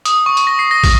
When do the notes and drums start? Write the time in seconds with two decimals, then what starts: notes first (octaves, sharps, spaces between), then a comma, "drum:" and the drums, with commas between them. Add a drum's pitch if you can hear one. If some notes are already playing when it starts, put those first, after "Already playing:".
0.05 D#6, drum: hi-hat
0.26 C#6
0.37 drum: hi-hat
0.47 A#6
0.59 C7
0.71 A#6
0.84 drum: kick, open hi-hat